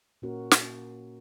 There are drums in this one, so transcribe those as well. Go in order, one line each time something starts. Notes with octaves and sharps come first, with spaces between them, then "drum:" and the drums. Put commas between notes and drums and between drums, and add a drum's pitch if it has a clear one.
A#2 A#3 C#4 F#4 A#4
drum: snare